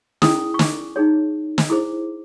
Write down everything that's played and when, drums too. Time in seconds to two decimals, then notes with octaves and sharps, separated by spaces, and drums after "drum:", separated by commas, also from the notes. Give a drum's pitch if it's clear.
0.22 C#4 E4 G#4 D#6, drum: snare
0.54 C#6
0.59 D6, drum: snare
0.96 D#4 G#4 C#5
1.58 drum: snare
1.70 E4 G#4 C5 D6